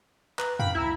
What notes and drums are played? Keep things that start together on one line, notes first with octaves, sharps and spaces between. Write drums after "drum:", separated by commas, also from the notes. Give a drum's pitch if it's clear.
B4 A#5 F#6, drum: clap
F5 G5 B5, drum: tom F2
C#2 E4 A#5